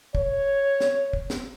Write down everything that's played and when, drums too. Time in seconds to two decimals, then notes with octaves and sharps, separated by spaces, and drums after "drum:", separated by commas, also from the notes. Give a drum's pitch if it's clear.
0.15 C#5, drum: kick
0.80 drum: snare
1.13 drum: kick
1.30 drum: snare